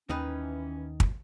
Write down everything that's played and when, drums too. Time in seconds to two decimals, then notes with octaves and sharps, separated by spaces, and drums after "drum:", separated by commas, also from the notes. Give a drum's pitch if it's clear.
0.09 D#2 D#3 E3 C#4 D#4 B4
1.00 drum: kick